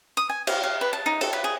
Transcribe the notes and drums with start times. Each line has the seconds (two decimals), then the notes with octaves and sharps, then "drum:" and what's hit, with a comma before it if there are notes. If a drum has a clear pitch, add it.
0.17 D#6
0.29 G#5
0.47 F5, drum: cymbal
0.63 F5
0.81 B4
0.93 A5
1.06 D#4
1.21 A4, drum: cymbal
1.33 B4
1.44 G#4